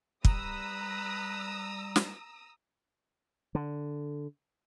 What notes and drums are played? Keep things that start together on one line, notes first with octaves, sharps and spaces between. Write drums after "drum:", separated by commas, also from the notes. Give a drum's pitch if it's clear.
G3 B4 A#5 D#6 E6, drum: kick
drum: snare
D3